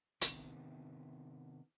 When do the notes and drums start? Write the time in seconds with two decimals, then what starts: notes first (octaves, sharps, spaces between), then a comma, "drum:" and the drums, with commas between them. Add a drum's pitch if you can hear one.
0.21 C3 D#3 B3, drum: hi-hat